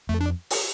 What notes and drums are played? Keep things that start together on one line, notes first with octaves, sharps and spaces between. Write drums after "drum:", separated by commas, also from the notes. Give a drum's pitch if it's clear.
F2 A3
D4
drum: open hi-hat